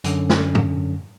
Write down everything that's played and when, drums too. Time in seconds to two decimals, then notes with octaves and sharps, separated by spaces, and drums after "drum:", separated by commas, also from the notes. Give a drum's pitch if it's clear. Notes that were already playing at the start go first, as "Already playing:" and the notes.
0.04 F#2 D3 C#4, drum: hi-hat
0.30 drum: snare
0.55 drum: tom